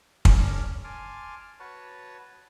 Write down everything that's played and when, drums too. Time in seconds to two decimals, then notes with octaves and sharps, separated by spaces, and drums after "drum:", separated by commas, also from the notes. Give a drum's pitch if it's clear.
0.25 C#4 D4 A#4, drum: kick
0.84 G#5 A5 C6 D6 F6
1.60 F#4 B4 C#5 A5